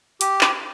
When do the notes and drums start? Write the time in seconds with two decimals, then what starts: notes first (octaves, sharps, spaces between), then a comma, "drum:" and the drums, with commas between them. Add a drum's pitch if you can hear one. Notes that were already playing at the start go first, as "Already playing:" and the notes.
0.21 G4, drum: hi-hat
0.41 drum: clap